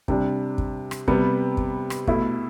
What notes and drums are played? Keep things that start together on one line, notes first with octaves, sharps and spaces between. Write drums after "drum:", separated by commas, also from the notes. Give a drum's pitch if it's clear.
C3 G3 D4, drum: kick
drum: kick
drum: rim click
C3 G3 B3, drum: kick
drum: kick
drum: rim click
B2 A3 E4, drum: kick